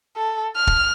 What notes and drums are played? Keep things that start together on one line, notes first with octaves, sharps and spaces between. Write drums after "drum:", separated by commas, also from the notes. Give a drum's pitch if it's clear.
A4
F6
drum: kick